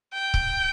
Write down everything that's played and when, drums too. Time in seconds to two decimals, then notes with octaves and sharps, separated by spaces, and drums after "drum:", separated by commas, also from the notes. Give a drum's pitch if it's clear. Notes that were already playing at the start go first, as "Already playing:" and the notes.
0.14 G5
0.34 drum: kick C#1